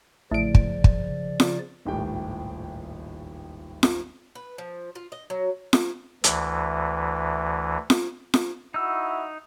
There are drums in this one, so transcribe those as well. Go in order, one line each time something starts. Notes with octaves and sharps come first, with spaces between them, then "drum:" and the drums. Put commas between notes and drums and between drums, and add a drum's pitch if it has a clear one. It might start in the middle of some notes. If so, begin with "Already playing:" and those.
A1 C#3 F3 D5 D7
drum: kick
drum: kick
drum: snare F4
D#1 G#1 C#2 A2 G4 G5
drum: snare F4
B4
F3
F4
D#5
F#3
drum: snare F4
D2 E3, drum: hi-hat
drum: snare F4
drum: snare F4
D#4 E4 F#4 E5 E6